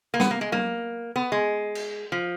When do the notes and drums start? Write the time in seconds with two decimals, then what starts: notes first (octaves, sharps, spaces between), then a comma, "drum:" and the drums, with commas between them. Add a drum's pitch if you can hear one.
0.14 A#3
0.20 B3, drum: snare
0.31 A#3
0.41 G#3
0.52 A#3, drum: tom F#3
1.16 B3
1.32 G#3
1.75 drum: cymbal
2.12 F3